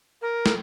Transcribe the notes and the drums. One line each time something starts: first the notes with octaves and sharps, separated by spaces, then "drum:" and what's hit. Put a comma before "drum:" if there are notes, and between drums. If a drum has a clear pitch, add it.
A#4
drum: snare